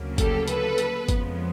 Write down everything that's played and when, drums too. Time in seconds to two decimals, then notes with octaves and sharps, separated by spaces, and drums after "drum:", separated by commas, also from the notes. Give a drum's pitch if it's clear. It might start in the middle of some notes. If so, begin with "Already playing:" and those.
Already playing: D2 C#3 F#3 A#3
0.18 G4 A4, drum: kick G1, hi-hat
0.48 A4 B4, drum: hi-hat
0.78 drum: hi-hat
1.08 F2 C#3 F3 G#3 B3, drum: kick G1, hi-hat